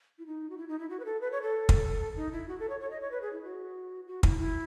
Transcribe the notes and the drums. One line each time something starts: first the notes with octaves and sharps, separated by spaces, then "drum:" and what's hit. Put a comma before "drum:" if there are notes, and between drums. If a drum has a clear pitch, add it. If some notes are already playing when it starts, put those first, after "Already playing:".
E4
D#4
F#4
E4
D#4
E4
F#4
B4
A4
B4
C#5
A4
drum: kick
D#4
E4
F#4
A4
C#5
C#5
D#5
C#5
B4
G#4
E4
F#4
F#4
E4, drum: kick
E4